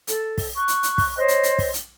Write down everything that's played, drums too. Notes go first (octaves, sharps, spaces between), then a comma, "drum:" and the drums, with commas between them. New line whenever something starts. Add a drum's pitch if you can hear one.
A4, drum: hi-hat
drum: kick, open hi-hat
C#6 F#6
drum: hi-hat
drum: hi-hat
drum: kick, open hi-hat
C5 C#5 D#5
drum: hi-hat
drum: hi-hat
drum: kick, open hi-hat
drum: hi-hat